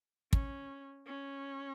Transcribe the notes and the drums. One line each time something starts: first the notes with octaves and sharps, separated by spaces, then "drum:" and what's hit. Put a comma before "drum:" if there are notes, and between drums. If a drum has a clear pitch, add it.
C#4, drum: kick
C#4